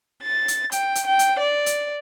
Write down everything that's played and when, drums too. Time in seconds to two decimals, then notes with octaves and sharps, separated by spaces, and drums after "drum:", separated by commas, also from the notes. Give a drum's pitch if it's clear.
0.21 A6
0.48 drum: hi-hat
0.72 G5, drum: hi-hat
0.95 drum: hi-hat
1.07 G5
1.19 drum: hi-hat
1.39 D5
1.66 drum: hi-hat